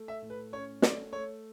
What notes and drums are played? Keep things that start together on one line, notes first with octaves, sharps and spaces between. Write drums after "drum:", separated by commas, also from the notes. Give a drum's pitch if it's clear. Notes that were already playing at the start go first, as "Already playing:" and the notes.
Already playing: A3
E5
A2
B4
C#4 C#5
A3 D5, drum: snare
A3 C#5